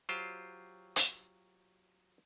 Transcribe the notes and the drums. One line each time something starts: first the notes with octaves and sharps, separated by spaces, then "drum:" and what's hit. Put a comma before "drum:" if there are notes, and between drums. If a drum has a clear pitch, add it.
F#3 F4 G4 C5
drum: hi-hat